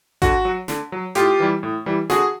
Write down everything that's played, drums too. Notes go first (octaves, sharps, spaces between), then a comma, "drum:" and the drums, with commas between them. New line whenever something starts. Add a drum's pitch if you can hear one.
D3 F#4, drum: kick G#1, hi-hat
F#3
D3, drum: snare
F#3
A2 F4 G4, drum: hi-hat
E3 G3
A2
E3 G3
D3 F#4 G#4, drum: snare